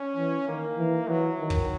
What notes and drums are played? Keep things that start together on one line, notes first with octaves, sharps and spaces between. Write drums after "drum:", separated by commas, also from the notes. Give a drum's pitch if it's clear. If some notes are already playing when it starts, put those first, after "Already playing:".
Already playing: C#4
E3
D#3 A#3
E3
E3 F#3
D#3
drum: kick